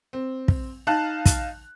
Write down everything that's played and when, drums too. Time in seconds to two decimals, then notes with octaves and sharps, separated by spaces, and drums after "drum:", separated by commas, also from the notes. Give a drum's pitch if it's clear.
0.13 C4
0.48 drum: kick
0.87 D#4 F5 A5 F#6
1.26 drum: kick, hi-hat